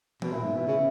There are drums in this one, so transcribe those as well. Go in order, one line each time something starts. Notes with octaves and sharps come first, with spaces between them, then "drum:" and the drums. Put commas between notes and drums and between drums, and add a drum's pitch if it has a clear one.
B2, drum: tom E3
A#2 E4
G#2
B2 B4 E5
C#3